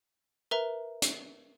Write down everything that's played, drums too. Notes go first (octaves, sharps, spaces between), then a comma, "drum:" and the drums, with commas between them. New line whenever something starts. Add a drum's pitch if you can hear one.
A#4 B4 E5 A#5
drum: hi-hat